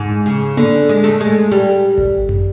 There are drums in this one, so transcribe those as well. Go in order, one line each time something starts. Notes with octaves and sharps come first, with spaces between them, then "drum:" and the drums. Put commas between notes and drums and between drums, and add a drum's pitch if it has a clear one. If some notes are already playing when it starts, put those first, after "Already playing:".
Already playing: G#2
C#3
D3, drum: tom A#3
G#3
A3
G#3
G3
drum: kick G#1
drum: tom F#2